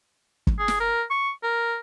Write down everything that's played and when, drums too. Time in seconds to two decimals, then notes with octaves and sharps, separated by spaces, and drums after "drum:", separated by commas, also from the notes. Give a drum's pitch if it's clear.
0.47 drum: kick
0.59 G#4
0.68 drum: snare
0.80 A#4
1.10 C#6
1.43 A#4